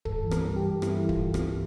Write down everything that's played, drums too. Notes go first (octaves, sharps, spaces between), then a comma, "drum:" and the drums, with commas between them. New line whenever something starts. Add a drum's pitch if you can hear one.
G2 A4, drum: kick
E3
A#4, drum: rim click
G3
G4
G2
G2 E4, drum: rim click
E3
F4, drum: kick
drum: rim click